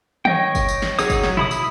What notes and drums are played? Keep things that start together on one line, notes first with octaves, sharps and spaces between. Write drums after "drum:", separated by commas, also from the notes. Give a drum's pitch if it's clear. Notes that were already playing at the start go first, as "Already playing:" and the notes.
C#5 D#5 G5, drum: tom D#3
drum: kick G1, tambourine
drum: tambourine
drum: snare
F#3 D#4 G#4 C#5 D#6, drum: tambourine
drum: kick G1, tambourine
drum: snare
E4 B5 D#6, drum: tom A#2
drum: tambourine